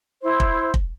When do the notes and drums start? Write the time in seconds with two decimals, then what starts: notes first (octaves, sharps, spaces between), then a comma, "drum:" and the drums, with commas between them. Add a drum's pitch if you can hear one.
0.23 E4 C5
0.40 drum: kick
0.74 drum: kick